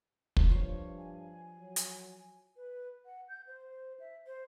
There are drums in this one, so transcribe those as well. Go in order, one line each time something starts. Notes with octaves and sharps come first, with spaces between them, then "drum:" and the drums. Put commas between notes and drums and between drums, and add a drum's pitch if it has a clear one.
drum: kick
G2 F3 C#5
G#5
F#3
drum: hi-hat
B4
F#5
G6
C5
E5
C5